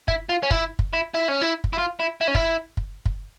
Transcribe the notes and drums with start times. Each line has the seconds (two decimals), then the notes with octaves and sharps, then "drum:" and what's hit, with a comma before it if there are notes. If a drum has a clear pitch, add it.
0.08 E4, drum: kick
0.29 F4
0.43 C#4
0.51 E4, drum: kick
0.79 drum: kick
0.93 E4
1.14 E4
1.28 C#4
1.41 E4
1.64 drum: kick
1.73 E4
1.78 F4
2.00 E4
2.21 E4
2.28 C#4
2.35 E4, drum: kick
2.77 drum: kick
3.06 drum: kick